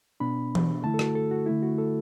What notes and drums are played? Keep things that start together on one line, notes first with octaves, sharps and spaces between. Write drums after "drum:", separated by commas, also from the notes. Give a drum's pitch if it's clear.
B2 B3 D4 B5
drum: tom E3
D3 A3 E4 A5
A4
F#4, drum: rim click
A4
F#4
D3 A3 E4
F#4
A4